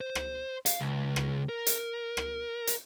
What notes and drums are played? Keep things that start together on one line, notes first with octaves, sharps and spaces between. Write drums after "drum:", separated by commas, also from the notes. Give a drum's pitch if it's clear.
C5
drum: rim click
F5, drum: hi-hat
C#2
drum: rim click
A#4
drum: hi-hat
drum: rim click
drum: hi-hat